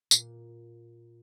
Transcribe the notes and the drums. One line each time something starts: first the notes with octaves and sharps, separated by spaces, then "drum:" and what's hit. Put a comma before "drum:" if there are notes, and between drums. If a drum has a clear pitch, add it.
A#2, drum: tambourine